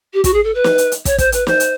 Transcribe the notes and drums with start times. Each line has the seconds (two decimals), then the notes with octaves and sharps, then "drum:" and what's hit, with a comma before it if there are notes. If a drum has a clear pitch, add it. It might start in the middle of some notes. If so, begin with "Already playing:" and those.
0.14 G4
0.24 F#4, drum: kick, hi-hat
0.33 G#4
0.44 A4
0.54 B4
0.64 drum: snare
0.78 drum: hi-hat
0.92 drum: hi-hat
1.05 C#5, drum: kick, hi-hat
1.18 C5, drum: kick, hi-hat
1.32 B4, drum: hi-hat
1.47 C5, drum: snare
1.60 drum: hi-hat